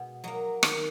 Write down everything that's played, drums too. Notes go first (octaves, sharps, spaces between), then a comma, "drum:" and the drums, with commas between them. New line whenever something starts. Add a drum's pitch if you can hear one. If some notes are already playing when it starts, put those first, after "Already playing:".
Already playing: B2 G#3
F#3 A#3 D#5
D#3, drum: rim click